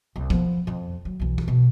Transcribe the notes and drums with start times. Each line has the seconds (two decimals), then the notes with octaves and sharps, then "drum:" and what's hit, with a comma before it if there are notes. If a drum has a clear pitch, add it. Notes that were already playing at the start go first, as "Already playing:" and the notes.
0.16 C2
0.30 F3 B3, drum: kick
0.67 F2
1.05 F#3
1.20 B1 E3
1.38 drum: kick
1.48 B2